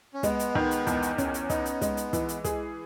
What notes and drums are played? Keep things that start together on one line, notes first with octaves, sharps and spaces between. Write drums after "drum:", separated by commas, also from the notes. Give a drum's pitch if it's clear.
C#4
G#3 B3, drum: kick, hi-hat
drum: hi-hat
D#3, drum: kick
drum: hi-hat
E2, drum: kick, hi-hat
drum: hi-hat
C#4, drum: kick, hi-hat
drum: hi-hat
B3 D#4, drum: kick, hi-hat
drum: hi-hat
G#3, drum: kick, hi-hat
drum: hi-hat
E3, drum: kick, hi-hat
drum: hi-hat
G#4, drum: kick, hi-hat